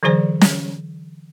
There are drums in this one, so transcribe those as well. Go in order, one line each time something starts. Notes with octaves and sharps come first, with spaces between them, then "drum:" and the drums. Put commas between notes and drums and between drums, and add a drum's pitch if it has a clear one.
D3 E3 F#3 G#4 C5 D5
drum: snare